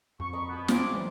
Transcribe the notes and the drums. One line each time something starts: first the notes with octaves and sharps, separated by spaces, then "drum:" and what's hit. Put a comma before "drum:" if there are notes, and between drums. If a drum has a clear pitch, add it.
F2 C#6
A#4 D#5 B5
B2 B3
G#3 A#3 D4 C5 G5 G#5 D6, drum: snare
E3 F#3 A3